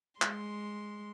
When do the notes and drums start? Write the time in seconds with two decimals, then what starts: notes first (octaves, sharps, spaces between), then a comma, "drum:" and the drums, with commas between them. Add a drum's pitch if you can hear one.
0.22 G#3 C6, drum: clap